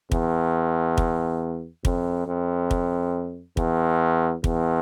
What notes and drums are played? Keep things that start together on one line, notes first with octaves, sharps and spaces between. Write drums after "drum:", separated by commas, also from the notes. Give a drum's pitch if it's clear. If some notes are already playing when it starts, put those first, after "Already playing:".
E2, drum: kick
drum: kick
F2, drum: kick
F2
drum: kick
E2, drum: kick
E2, drum: kick